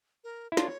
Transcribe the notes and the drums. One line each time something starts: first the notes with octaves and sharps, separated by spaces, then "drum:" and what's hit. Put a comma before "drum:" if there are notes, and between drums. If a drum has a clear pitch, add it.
A#4
E4
D4 F4 C#5, drum: snare